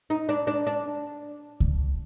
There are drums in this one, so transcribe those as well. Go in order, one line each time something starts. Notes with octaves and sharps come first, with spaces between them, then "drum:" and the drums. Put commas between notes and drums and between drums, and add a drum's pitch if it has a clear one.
D#4
D4
D4
D4
drum: kick C#2